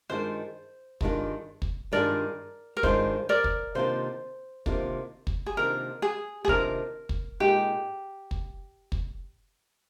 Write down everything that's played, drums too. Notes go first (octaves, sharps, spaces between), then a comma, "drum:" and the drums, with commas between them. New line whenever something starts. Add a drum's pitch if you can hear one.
G2 D#3 G#3 D4 F4 C5
G2 D#3 G#3 D4 F4, drum: kick
drum: kick
G2 D#3 G#3 D4 F4 A#4 D5
A#4
G2 D#3 G#3 D4 F4 C5, drum: kick
A#4 D5
drum: kick
C3 D#3 A#3 D4 F4 C5
C3 D#3 A#3 D4 F4, drum: kick
drum: kick
G#4
C3 D#3 A#3 D4 F4 A#4
G#4
G#4
C3 D#3 A#3 D4 F4 A#4, drum: kick
drum: kick
A#2 G#3 D#4 G4
drum: kick
drum: kick